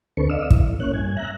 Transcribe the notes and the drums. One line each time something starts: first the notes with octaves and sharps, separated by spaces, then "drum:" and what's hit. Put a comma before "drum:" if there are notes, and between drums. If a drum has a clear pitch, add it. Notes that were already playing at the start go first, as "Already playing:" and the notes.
D2 D3 C4 A4 B4 C#6
D5 D#5 F5 E6
E4, drum: kick
A#3 C#4 C#5 F#6
G2 G#5
E5 A#5 F#6